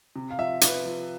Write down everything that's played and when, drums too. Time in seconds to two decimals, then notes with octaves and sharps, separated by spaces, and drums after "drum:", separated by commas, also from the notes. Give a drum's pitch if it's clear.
0.16 C3
0.30 F5
0.38 F3 E5
0.61 F3 B4, drum: hi-hat
0.85 F3